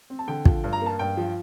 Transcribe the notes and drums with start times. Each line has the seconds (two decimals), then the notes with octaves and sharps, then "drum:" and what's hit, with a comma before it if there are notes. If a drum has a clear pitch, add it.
0.10 C4
0.19 A5
0.28 D3 G5
0.45 F3, drum: kick
0.64 G2
0.73 A#5
0.81 A#3 A5
0.99 G2 G5
1.17 F3